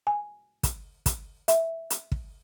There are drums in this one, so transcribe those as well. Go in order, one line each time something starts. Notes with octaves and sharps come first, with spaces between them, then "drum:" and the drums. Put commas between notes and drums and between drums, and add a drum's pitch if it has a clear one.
G#5
drum: kick, hi-hat
drum: kick, hi-hat
E5, drum: hi-hat
drum: hi-hat
drum: kick